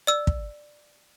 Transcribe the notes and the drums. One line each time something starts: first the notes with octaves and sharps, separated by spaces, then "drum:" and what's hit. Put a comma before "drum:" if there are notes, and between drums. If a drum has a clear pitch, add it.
D5 E6
drum: kick